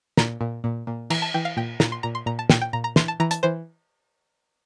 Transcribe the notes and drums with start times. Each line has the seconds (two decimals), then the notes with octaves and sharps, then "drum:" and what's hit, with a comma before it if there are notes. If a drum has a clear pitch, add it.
0.17 A#2 A#5, drum: snare
0.41 A#2
0.64 A#2
0.87 A#2
1.10 E3 A#5, drum: cymbal
1.22 A5
1.34 E3 G5
1.45 F5
1.57 A#2 G5
1.80 A#2 A#5, drum: snare
1.92 C6
2.03 A#2 A#5
2.15 C6
2.26 A#2 A#5
2.39 A5
2.50 A#2 G5, drum: snare
2.61 G5
2.73 A#2 A#5
2.84 A#5
2.96 E3 C6, drum: snare
3.08 A5
3.20 E3 A#5
3.31 A5, drum: hi-hat
3.43 E3 C5